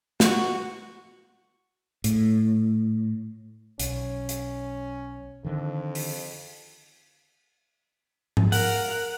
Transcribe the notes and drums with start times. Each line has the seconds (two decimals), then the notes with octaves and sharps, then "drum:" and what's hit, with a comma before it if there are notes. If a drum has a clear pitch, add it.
0.20 F#4, drum: snare
2.04 A2, drum: hi-hat
3.80 B1 C#4, drum: hi-hat
4.29 drum: hi-hat
5.44 F2 D3 D#3
5.95 drum: open hi-hat
8.37 drum: tom G#2
8.52 A#4 F#5, drum: open hi-hat